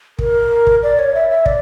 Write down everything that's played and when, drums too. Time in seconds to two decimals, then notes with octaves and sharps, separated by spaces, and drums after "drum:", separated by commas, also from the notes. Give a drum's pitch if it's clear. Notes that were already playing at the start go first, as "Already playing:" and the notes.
0.19 A#4, drum: kick
0.67 drum: kick
0.83 D5
0.99 C#5
1.14 E5
1.30 E5
1.46 D5, drum: kick